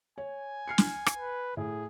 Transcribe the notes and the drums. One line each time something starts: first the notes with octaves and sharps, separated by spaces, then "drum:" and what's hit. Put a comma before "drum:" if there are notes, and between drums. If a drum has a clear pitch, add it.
C#5 G#5
F6 C7 C#7
drum: snare
drum: rim click
B4
A2 G#4